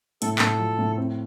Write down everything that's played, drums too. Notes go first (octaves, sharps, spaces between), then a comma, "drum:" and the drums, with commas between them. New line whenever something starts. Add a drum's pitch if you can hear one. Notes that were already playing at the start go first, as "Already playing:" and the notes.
A2 A4, drum: hi-hat
A2 A4, drum: clap
F3
A2
C4